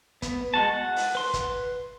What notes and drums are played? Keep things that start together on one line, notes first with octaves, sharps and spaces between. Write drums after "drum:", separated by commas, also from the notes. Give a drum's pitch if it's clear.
B3, drum: kick, hi-hat
G#3 F#4 A5
F#5
drum: open hi-hat
B4 C6
drum: kick, hi-hat